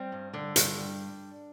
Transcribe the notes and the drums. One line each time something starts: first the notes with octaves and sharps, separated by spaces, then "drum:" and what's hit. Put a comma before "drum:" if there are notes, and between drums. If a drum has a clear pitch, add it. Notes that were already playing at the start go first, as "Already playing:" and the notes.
Already playing: G3 C4
G2
D3 D4
G2, drum: hi-hat
G3